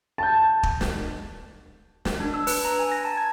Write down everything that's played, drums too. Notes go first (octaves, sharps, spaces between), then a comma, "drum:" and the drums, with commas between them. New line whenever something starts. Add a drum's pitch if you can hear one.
A5 G6
drum: kick
drum: snare
drum: snare
D4
E6
B4, drum: open hi-hat
A#5
G#5
A#6
A5
G#6